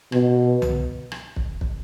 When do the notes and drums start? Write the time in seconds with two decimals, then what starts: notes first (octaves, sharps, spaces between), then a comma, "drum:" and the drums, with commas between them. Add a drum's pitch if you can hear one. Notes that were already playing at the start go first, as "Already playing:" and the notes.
0.12 B2, drum: rim click
0.62 drum: tom C2
1.12 drum: rim click
1.36 drum: kick
1.61 drum: kick